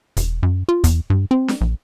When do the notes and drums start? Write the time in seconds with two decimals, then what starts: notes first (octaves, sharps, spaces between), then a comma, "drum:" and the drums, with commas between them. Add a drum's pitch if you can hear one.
0.17 E1, drum: kick, hi-hat
0.43 F#2
0.69 F4
0.84 E2, drum: kick, hi-hat
1.10 G2
1.31 C4
1.48 drum: snare D4
1.61 A#1